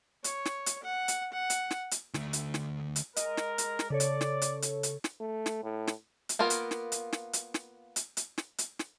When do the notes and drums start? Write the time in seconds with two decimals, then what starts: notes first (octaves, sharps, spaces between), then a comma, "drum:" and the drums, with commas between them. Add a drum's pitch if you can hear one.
0.24 C#5, drum: hi-hat
0.45 drum: snare
0.66 drum: hi-hat
0.83 F#5
1.08 drum: hi-hat
1.33 F#5
1.50 drum: hi-hat
1.71 drum: snare
1.91 drum: hi-hat
2.14 D2 A3, drum: snare
2.33 drum: hi-hat
2.54 drum: snare
2.96 drum: hi-hat
3.16 G#3 A#4 D#5, drum: hi-hat
3.37 drum: snare
3.58 drum: hi-hat
3.79 drum: snare
3.90 C#3 A4 C#5 D5
4.00 drum: hi-hat
4.21 drum: snare
4.42 drum: hi-hat
4.62 drum: hi-hat
4.83 drum: hi-hat
5.04 drum: snare
5.21 A3
5.46 drum: snare
5.63 A2
5.87 drum: snare
6.29 drum: hi-hat
6.39 A#3 B3 F4 A#4
6.50 drum: hi-hat
6.71 drum: snare
6.92 drum: hi-hat
7.13 drum: snare
7.33 drum: hi-hat
7.54 drum: snare
7.96 drum: hi-hat
8.17 drum: hi-hat
8.38 drum: snare
8.58 drum: hi-hat
8.79 drum: snare